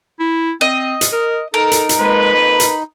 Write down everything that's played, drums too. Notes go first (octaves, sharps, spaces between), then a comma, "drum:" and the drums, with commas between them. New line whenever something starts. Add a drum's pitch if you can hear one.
E4
C4 D#5
drum: hi-hat
A#4
D#4 A4 A#4
drum: hi-hat
drum: hi-hat
F2 G#3 A#3 B4
B5
drum: hi-hat